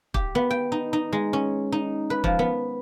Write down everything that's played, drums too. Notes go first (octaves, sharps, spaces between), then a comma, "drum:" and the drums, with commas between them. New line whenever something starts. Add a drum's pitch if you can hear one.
G4, drum: kick
B3
G5
D#4
D#4
G#3
C#4
D#4
B4
F3, drum: kick
B3